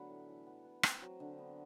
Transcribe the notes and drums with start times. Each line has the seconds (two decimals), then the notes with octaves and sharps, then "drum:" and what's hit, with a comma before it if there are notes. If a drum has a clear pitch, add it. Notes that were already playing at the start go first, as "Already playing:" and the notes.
Already playing: D3 F#3 A3 B3 F#5 B5
0.10 A2
0.28 E3
0.46 B3
0.65 B3
0.83 C4, drum: rim click
1.02 F#3
1.20 D3
1.39 B3